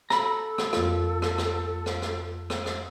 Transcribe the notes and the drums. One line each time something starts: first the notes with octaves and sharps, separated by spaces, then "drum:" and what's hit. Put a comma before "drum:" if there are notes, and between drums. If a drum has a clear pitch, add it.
A4 A#5 B5, drum: rim click
drum: rim click
F2 A#3 F4, drum: rim click
drum: rim click
drum: rim click
drum: rim click
drum: rim click
drum: rim click
drum: rim click